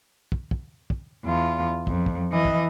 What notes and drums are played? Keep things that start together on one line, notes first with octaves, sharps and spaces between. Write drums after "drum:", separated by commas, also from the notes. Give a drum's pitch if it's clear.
drum: kick
drum: kick
drum: kick
E2 F4
F2, drum: kick
drum: kick
E3 D#5
drum: kick